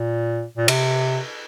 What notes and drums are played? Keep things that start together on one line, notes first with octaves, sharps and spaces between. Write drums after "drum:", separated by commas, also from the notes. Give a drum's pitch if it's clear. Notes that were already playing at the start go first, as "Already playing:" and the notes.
Already playing: A#2
A#2
C3, drum: cymbal